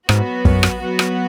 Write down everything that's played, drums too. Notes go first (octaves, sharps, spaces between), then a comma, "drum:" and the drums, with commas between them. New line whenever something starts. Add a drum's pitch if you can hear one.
G#2 F#3 B3 F#4, drum: rim click
F#2, drum: kick
drum: rim click
F#3 B3 F#4
drum: rim click